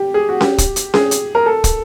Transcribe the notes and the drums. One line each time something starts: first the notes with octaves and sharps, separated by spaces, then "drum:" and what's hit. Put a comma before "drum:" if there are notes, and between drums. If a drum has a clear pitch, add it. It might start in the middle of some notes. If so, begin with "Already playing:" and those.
Already playing: G4
G#4
F#4
G4, drum: snare C#4
drum: kick, hi-hat
drum: hi-hat
G#4, drum: snare C#4
drum: hi-hat
A#4
A4
drum: kick, hi-hat